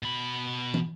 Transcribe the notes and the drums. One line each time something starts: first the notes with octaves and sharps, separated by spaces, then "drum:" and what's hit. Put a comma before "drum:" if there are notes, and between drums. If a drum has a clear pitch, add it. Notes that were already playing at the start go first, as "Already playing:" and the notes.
B2 B5
drum: tom